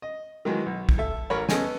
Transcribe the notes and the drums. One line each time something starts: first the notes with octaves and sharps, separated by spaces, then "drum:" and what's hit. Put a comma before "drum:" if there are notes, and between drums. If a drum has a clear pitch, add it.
D#5
D#3 E3 F#3 G#3
B1
drum: kick
A4 E5
A1 A#4 C#5 B5
B3 C#4 A4 D#5 G#5, drum: snare